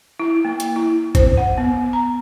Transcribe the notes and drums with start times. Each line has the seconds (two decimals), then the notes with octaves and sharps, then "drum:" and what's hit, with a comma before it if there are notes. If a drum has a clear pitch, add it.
0.19 E4
0.45 A#3
0.60 drum: hi-hat
0.76 E4
1.15 C5, drum: kick G#1, hi-hat
1.37 F#5
1.58 B3
1.93 A#5